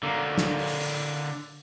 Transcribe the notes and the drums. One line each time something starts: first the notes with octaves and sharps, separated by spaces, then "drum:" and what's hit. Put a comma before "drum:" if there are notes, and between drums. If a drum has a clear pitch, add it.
D3 A#3
drum: snare
drum: open hi-hat
drum: open hi-hat